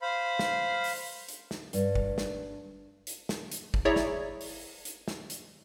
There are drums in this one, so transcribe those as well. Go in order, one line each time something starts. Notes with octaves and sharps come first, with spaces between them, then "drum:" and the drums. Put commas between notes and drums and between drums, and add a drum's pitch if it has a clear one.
C5 F5 B5
drum: snare
drum: open hi-hat
drum: hi-hat
drum: snare
G2, drum: hi-hat
drum: kick
drum: snare
drum: hi-hat
drum: snare
drum: hi-hat
drum: kick
E4 G#4 C#5 D5 E5 A#5
drum: snare
drum: open hi-hat
drum: hi-hat
drum: snare
drum: hi-hat